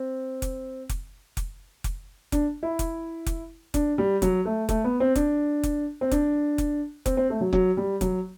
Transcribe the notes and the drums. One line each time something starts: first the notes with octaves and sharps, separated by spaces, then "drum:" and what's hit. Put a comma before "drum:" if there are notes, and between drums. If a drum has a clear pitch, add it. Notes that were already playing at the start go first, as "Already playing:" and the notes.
Already playing: C4
drum: kick F1, hi-hat
drum: kick F1, hi-hat
drum: kick F1, hi-hat
drum: kick F1, hi-hat
D4, drum: kick F1, hi-hat
E4
drum: kick F1, hi-hat
drum: kick F1, hi-hat
D4, drum: kick F1, hi-hat
G3
F#3, drum: kick F1, hi-hat
A3
A3, drum: kick F1, hi-hat
B3
C4
D4, drum: kick F1, hi-hat
drum: kick F1, hi-hat
C4
D4, drum: kick F1, hi-hat
drum: kick F1, hi-hat
C4, drum: kick F1, hi-hat
C4
A3
F#3
F#3, drum: kick F1
G3
F#3, drum: kick F1, hi-hat